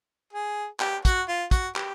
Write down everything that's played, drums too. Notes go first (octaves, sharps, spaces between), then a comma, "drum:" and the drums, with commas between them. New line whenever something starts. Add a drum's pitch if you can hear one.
G#4
G4, drum: clap
F#4, drum: kick, hi-hat
F4
F#4, drum: kick, hi-hat
G4, drum: clap